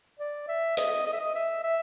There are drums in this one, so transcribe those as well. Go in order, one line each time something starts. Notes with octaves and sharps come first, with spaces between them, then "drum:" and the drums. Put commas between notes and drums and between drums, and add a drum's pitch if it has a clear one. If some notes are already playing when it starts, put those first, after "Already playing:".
D5
E5
D#5, drum: hi-hat
D#5
E5
D#5
E5
E5